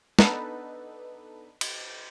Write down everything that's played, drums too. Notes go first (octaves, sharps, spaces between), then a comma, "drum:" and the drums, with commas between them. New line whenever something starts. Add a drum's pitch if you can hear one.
B3 D4 D#4 A4 B4, drum: snare
drum: cymbal